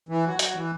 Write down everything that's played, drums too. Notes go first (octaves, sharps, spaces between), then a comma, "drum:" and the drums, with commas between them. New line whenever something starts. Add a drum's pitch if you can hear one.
E3
F#3
F#3, drum: hi-hat
E3